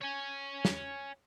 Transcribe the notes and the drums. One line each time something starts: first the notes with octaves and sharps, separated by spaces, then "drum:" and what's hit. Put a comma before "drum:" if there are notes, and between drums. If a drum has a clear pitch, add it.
C#5 G#5
drum: snare